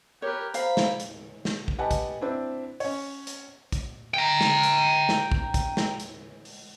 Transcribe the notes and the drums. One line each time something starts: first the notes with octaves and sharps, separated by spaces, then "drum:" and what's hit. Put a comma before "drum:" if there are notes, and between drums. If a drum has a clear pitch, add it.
G4 A#4 B4 C#5
C5 F5 A#5 B5, drum: hi-hat
drum: snare
drum: hi-hat
drum: snare
drum: kick
G4 B4 D#5 F#5 G#5 A5
drum: kick, hi-hat
C4 D4 E4
C#4 C#5, drum: open hi-hat
drum: hi-hat
drum: kick, hi-hat
G5 A#5
drum: snare
drum: hi-hat
drum: snare
drum: kick
drum: kick, hi-hat
drum: snare
drum: hi-hat
drum: open hi-hat